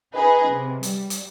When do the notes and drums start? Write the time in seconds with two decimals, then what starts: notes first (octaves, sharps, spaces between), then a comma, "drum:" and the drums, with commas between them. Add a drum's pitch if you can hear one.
0.15 D#4 G#4 B4 D#5
0.49 C3
0.83 G3, drum: hi-hat
1.10 drum: hi-hat